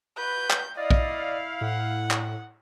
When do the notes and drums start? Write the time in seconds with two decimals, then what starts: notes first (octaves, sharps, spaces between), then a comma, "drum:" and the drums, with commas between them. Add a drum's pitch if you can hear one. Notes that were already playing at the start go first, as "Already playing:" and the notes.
0.17 F#4 B4 G6
0.50 drum: clap
0.77 E4 D5 D#5 F5
0.91 drum: kick A#1
1.61 A2 F#5
2.11 drum: clap